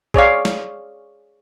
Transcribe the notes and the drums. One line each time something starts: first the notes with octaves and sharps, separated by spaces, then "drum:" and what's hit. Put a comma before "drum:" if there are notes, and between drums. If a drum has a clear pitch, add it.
G#4 C#5 D5 F5, drum: kick A#1
drum: snare